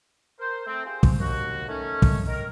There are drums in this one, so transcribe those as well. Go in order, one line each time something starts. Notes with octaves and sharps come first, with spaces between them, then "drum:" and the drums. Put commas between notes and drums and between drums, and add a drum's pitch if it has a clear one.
A#4 C5
A3 C4
C4 F4 G4 G#4 C5
drum: kick
D#2 F#4
D#3 A3 C#4
drum: kick
D#3 A#4